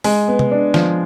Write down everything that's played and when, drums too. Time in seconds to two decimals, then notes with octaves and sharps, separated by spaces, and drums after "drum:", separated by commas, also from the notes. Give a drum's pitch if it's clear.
0.04 G#3, drum: open hi-hat
0.28 B3
0.39 drum: tom C3
0.51 D4
0.74 F3, drum: snare